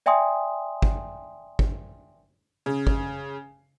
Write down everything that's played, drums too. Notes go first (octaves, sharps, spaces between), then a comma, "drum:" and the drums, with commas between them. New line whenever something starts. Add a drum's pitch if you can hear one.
D5 E5 G5 G#5 C6 D#6
drum: kick
drum: kick
C#3
drum: kick